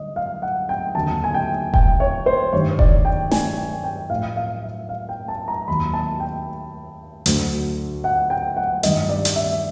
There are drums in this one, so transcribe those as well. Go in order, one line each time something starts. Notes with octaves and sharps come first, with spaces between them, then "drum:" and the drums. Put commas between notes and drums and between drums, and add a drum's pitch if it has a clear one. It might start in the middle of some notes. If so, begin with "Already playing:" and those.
Already playing: D3 G3 D#5
F5
F#5
G5
D#2 D3 F#3 A5
G#5
G5
G5, drum: kick E1
C#5
C5
G2 D#3 G3 C#5
D5, drum: kick E1
G5
G#5, drum: snare
G5
G5
A2 F3 F5
F5
E5
F5
G5
A5
A#5
D#2 D#3 F#3 B5
A5
G5
D2 D3 F#3, drum: hi-hat
F#5
G5
F#5
G2 D#3 G3 D#5, drum: hi-hat
D5
drum: hi-hat
E5